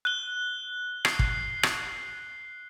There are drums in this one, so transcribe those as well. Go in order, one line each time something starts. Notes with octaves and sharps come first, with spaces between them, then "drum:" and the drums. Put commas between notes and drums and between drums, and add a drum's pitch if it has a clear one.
F#6 G7
C7, drum: rim click
drum: kick
drum: rim click